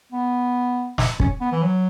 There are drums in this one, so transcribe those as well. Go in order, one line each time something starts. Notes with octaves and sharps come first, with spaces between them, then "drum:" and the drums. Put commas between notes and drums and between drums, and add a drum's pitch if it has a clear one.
B3
drum: snare
C#4, drum: kick
B3
E3
F#3